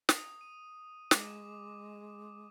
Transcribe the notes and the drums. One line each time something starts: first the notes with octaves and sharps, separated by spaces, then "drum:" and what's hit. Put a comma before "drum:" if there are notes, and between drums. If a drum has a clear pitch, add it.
D#6, drum: snare
D#7
G#3 D6, drum: snare